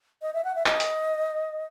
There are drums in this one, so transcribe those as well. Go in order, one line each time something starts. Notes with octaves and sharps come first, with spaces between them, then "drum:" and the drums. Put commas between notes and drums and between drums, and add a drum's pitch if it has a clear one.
D#5
E5
F#5
E5
D#5, drum: clap
drum: hi-hat